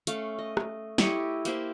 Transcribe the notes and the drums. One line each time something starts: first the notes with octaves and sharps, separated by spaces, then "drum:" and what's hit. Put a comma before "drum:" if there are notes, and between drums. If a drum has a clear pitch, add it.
A3 C#4 F5, drum: hi-hat
D#5
drum: rim click
E4 G4 C#5 D#5, drum: snare
A#3 G4 C5 E5, drum: hi-hat